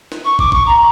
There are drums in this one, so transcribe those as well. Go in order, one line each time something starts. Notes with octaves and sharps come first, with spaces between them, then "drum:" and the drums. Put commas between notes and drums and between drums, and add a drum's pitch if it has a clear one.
drum: snare
C#6
D6, drum: kick
C#6, drum: kick
A#5